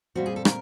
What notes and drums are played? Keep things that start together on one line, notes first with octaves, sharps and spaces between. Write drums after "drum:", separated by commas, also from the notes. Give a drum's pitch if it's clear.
A#2 G3 C4 F#4
G#4
A4
A#4, drum: rim click